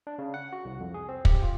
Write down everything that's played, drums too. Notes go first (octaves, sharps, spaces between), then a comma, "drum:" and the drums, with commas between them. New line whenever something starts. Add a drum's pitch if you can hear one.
D4
C#3
F#5
F#4
C2
F2
G#4
C4
G4, drum: kick
F4